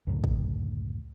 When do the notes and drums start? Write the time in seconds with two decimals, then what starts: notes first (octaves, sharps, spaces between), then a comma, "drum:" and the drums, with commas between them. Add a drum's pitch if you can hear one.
0.07 C#2 F#2 A2 D3
0.24 drum: kick